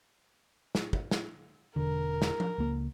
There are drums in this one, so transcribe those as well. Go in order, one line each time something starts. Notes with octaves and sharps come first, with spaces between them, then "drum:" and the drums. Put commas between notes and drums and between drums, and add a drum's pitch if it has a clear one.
drum: snare
drum: kick
drum: snare
E1 D3 A#4
drum: snare
drum: tom F3
C#2 A#3